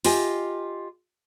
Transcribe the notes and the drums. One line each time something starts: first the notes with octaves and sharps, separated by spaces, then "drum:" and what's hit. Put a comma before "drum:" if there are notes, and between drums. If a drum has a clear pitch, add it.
F4 G4 D#5 G#5, drum: open hi-hat